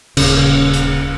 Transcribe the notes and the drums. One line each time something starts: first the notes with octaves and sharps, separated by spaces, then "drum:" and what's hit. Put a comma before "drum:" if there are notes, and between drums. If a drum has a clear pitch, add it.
D#1 C#3, drum: cymbal
drum: hi-hat